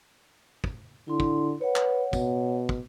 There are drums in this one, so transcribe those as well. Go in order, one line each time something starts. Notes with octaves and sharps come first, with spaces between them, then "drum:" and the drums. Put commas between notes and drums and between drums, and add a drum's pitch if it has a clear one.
drum: kick
D3 E4 C6
drum: kick
B4 C#5 F#5
drum: clap
B2, drum: kick, tambourine
drum: kick